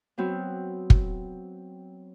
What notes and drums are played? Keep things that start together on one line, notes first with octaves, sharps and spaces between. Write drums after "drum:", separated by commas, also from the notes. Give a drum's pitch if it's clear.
F#3 B3 C4 F#4
drum: kick